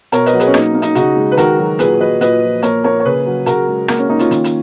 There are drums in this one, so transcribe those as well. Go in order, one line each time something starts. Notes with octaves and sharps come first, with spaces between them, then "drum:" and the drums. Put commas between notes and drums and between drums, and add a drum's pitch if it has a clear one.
B2 A#4 C#5, drum: hi-hat
B4 D#5, drum: hi-hat
F#3
G#4 B4, drum: hi-hat
C#4
A#3 D#4, drum: rim click
A#3
D#4, drum: hi-hat
C#3 D#4 F#4, drum: hi-hat
G#3
B4
D#3 F#4 A#4, drum: hi-hat
F#3
A#2 G#4 B4, drum: hi-hat
F#3 B4 D#5
A#2 B4 D#5, drum: hi-hat
F3
A#3 A#4 C#5, drum: hi-hat
A#3 A#4 C#5
C#5
C#3 G#4 B4
F#3
C#3 F#4 A#4, drum: hi-hat
G#3
A#3 F#4 A#4, drum: rim click
C#4
A#3 D#4
C#4 F4, drum: hi-hat
D#3, drum: hi-hat
drum: hi-hat